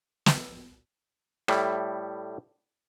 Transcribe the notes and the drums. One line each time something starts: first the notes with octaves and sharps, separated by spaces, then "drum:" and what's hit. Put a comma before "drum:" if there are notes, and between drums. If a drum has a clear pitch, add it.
drum: snare
A2 G3 E4, drum: rim click